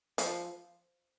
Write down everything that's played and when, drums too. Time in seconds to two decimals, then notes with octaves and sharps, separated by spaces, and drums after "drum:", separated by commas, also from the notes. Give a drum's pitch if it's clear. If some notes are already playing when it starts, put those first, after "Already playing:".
0.18 F3, drum: hi-hat